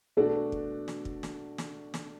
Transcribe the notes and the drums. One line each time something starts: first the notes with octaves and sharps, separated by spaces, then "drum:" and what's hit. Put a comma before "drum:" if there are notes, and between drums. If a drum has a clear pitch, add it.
B2 A3 D4 F#4 A4
drum: kick
drum: snare
drum: kick
drum: snare
drum: snare
drum: snare